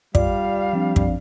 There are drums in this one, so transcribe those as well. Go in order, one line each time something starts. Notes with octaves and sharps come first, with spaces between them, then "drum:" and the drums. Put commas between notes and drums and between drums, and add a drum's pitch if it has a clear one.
G3 F4 D5 F5, drum: kick
F3 C4 D4
drum: kick